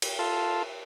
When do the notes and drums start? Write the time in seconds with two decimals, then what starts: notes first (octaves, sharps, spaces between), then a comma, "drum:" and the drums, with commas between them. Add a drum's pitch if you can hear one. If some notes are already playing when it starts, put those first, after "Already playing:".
0.02 drum: cymbal
0.19 F4 A4